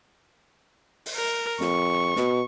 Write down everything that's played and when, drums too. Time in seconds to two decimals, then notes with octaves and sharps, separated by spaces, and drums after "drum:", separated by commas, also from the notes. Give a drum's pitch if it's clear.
1.06 drum: open hi-hat
1.16 A#4
1.61 F2 C#6, drum: snare
2.16 B2, drum: snare